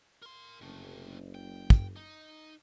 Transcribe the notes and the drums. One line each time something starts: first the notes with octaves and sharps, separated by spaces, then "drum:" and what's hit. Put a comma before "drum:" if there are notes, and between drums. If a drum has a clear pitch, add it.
A#4 C6
F#1 C3 A3
G5
drum: kick
D#4